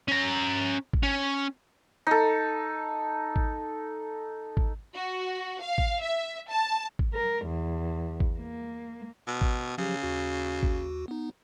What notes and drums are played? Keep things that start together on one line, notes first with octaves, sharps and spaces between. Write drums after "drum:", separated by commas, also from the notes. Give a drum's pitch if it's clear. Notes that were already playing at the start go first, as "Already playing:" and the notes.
C#4 A#5
drum: kick G#1
C#4
D#4 A4
drum: kick G#1
drum: kick G#1
F#4
F5
drum: kick G#1
E5
A5
drum: kick G#1
A#4
E2
drum: kick G#1
A#3
B2
drum: kick G#1
C#3 F3 F#3 G4
D#2 F#4
drum: kick G#1
B3 D#4